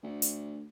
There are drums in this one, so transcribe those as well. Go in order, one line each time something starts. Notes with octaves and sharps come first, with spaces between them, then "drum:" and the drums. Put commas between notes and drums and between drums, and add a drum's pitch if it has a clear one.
D2
drum: hi-hat